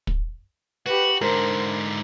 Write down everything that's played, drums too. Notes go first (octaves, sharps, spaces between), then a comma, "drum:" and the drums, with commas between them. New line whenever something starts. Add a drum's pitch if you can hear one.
drum: kick
F#4 G4 B4
G#2 D3 D4 A#4 C5